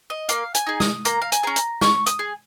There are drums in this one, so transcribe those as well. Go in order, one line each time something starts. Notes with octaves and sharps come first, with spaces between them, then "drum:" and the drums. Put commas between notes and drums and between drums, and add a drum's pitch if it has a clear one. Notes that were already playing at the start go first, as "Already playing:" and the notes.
D#5
A#3 F5, drum: hi-hat
G#5, drum: hi-hat
D#4 G#4
D#6, drum: snare
A#3 A#5, drum: hi-hat
F5
G#5, drum: hi-hat
C#4 G#4 A#5
drum: hi-hat
C#4 C#6, drum: snare
D#6, drum: hi-hat
G#4